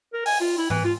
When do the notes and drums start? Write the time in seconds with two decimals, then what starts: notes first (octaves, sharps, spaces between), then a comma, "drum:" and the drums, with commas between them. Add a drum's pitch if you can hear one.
0.13 A#4
0.26 G#5, drum: open hi-hat
0.41 F4
0.58 E4
0.70 E3, drum: tom G#2
0.85 F4